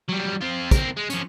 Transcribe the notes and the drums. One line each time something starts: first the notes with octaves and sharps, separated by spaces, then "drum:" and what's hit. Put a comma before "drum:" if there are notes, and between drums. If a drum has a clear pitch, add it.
F#3 G3
C4 F4
C4 A#4, drum: kick, hi-hat
G#3
F3 C#4, drum: hi-hat